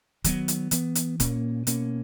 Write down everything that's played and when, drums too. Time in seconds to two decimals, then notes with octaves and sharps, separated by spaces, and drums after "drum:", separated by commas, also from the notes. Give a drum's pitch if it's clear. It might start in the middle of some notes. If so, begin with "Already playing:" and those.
0.24 D#3 F#3 B3, drum: kick, hi-hat
0.48 drum: hi-hat
0.71 E3 B3, drum: hi-hat
0.95 drum: hi-hat
1.20 A#2 A#3 C#4, drum: kick, hi-hat
1.67 B2 A#3 C#4, drum: hi-hat